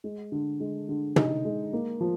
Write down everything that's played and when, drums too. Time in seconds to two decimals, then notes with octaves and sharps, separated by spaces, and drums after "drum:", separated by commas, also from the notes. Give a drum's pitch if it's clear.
0.04 G#3
0.32 D3
0.60 G#3
0.89 D3
1.16 D#4, drum: tom
1.45 G#3
1.73 A#3
2.01 F3